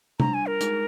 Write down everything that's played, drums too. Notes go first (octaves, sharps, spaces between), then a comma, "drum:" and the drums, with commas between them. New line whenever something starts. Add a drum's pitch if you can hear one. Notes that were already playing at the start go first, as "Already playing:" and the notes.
G3 D4 F4 A#5, drum: tom C3
G#5
A#4
G#3 D#4 G#4, drum: hi-hat